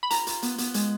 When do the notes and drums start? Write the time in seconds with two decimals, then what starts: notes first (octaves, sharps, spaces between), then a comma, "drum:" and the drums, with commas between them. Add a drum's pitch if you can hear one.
0.03 B5
0.11 F4 A#5, drum: hi-hat
0.27 F4, drum: hi-hat
0.42 B3, drum: hi-hat
0.58 B3, drum: hi-hat
0.74 G#3, drum: hi-hat